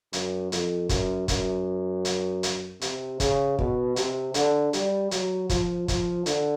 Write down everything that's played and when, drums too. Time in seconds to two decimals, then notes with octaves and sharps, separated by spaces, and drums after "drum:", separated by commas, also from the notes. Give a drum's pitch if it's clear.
0.13 F#2, drum: hi-hat
0.52 F2, drum: hi-hat
0.89 F#2, drum: kick, hi-hat
1.28 F#2, drum: kick, hi-hat
2.05 drum: hi-hat
2.43 drum: hi-hat
2.81 C3, drum: hi-hat
3.20 C#3, drum: kick, hi-hat
3.59 B2, drum: kick
3.96 C3, drum: hi-hat
4.34 D3, drum: hi-hat
4.73 G3, drum: hi-hat
5.11 F#3, drum: hi-hat
5.49 F3, drum: kick, hi-hat
5.88 F3, drum: kick, hi-hat
6.26 D3, drum: hi-hat